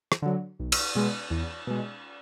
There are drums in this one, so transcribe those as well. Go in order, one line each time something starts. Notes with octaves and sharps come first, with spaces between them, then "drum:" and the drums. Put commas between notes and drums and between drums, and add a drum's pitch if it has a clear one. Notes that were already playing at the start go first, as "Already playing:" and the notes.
drum: rim click
D3 F#3
B1
drum: cymbal
B2 G#3 B3
E2
B2 G#3